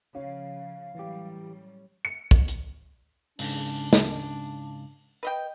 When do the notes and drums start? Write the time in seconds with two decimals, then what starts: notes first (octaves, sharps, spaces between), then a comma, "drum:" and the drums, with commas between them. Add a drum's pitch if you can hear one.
0.15 C#3 F3 C#4 F5
0.95 A2 E3 F#3 G3 G4
2.05 C#7
2.31 drum: kick
2.48 drum: hi-hat
3.39 G#2 C#3 D4, drum: open hi-hat
3.93 drum: snare
5.23 B4 D#5 G5